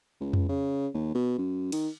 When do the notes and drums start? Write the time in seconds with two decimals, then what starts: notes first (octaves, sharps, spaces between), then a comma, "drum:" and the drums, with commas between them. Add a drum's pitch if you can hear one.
0.21 C#2
0.33 drum: tom F2
0.49 C#3
0.94 D#2
1.15 B2
1.38 F#2
1.72 D#3, drum: cymbal